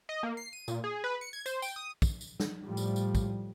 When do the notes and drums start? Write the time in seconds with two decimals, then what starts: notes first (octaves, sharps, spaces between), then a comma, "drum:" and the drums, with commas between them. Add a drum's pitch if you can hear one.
0.09 D#5
0.23 A#3
0.37 C7
0.53 D#7
0.68 A#2, drum: tambourine
0.84 G#4
1.04 B4
1.21 C#7
1.33 G#6
1.46 C5, drum: tambourine
1.62 G5, drum: tambourine
1.76 D#6
2.02 drum: kick, tambourine
2.21 drum: tambourine
2.40 drum: snare
2.64 A2 F3 G3
2.77 drum: tambourine
2.96 drum: tambourine
3.15 drum: kick, tambourine